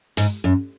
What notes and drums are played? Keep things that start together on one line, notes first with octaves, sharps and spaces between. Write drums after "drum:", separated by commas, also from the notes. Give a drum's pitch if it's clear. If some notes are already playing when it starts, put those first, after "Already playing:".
G#2, drum: open hi-hat
F#2